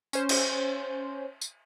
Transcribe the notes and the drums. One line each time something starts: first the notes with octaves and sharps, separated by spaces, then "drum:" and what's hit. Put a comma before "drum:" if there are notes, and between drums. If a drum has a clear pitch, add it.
C#4 C5, drum: tambourine
drum: cymbal
drum: tambourine